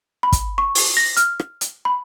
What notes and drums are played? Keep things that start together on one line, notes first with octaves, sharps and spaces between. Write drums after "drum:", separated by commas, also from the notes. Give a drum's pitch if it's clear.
B5
drum: kick, hi-hat
C#6
drum: open hi-hat
A#6
F6, drum: hi-hat
drum: rim click
drum: hi-hat
B5